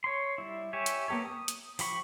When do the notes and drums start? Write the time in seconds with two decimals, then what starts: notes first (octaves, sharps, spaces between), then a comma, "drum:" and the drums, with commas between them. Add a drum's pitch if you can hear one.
0.04 C#5 C6
0.38 G3 E4
0.73 G4 C#5 E5 G#5
0.86 drum: hi-hat
1.08 A#3 B3 G4 A4 C#5
1.25 D#6
1.48 drum: hi-hat
1.79 F3 G4 B5 C#6, drum: open hi-hat